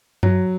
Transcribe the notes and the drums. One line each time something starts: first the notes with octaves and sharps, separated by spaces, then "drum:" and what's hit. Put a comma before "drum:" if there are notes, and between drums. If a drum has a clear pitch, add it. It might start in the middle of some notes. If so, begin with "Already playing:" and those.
F#3, drum: tom F#2